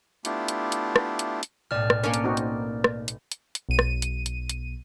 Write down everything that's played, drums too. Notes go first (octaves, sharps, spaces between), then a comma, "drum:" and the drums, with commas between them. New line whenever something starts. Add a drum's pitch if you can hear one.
A3 B3 D4 E4 F4 G4, drum: hi-hat
drum: hi-hat
drum: hi-hat
drum: rim click
drum: hi-hat
drum: hi-hat
B1 A2 D5 F6
drum: rim click
A#3 C#4 D4 D6
drum: hi-hat
C4 D#4 F#4
drum: hi-hat
drum: rim click
drum: hi-hat
drum: hi-hat
drum: hi-hat
B1 D#7
drum: rim click
drum: hi-hat
drum: hi-hat
drum: hi-hat